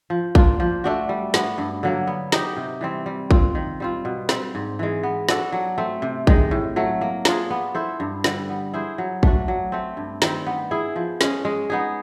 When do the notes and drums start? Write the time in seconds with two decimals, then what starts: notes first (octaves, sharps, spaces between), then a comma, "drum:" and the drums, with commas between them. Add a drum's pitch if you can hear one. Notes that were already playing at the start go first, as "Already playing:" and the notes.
0.10 F3
0.35 A#3 D4 F4, drum: kick A1
0.60 F3
0.84 A3 D4 F#4
1.09 G3
1.34 B3 D4 F#4, drum: snare
1.58 G2
1.83 D3 F#3 A#3
2.07 B3
2.32 D#4 G4, drum: snare
2.57 C3
2.81 E3 G3 C4
3.06 G3
3.31 C4 F4, drum: kick A1
3.55 D#3
3.80 G3 C4 F4
4.05 B2
4.29 G3 C4, drum: snare
4.55 G#2
4.79 E3 G#3
5.03 B3
5.29 D4 F#4 A4, drum: snare
5.52 F#3
5.78 A3 C4
6.02 C3
6.27 D#3 G#3, drum: kick A1
6.51 A2
6.76 F#3 A3
7.01 A#3
7.25 D4 F4 G#4, drum: snare
7.50 B3
7.75 E4 A4 C5
8.00 G2
8.24 D3 G3, drum: snare
8.49 B3
8.74 E4 G#4 C5
8.98 F#3
9.23 A3 D4 F#4, drum: kick A1
9.48 F#3
9.72 A3 C4
9.97 G2
10.22 D#3 G3 C4, drum: snare
10.46 B3
10.71 E4 G#4
10.96 F3
11.21 G#3 C#4, drum: snare
11.45 G#3
11.70 B3 D#4 G#4